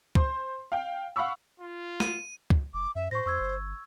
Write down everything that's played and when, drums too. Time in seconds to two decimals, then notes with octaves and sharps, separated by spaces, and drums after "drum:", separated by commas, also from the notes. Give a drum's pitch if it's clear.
0.15 C5 C6, drum: kick
0.72 F5 G5
1.16 F5 F#5 B5 C#6 E6
1.60 F4
2.00 D#7, drum: snare
2.50 drum: kick
2.74 F#1 D6
2.95 F#2 E5
3.11 A2 C5 C#6 A#6
3.26 F2 C#6 E6 G#6
3.40 G1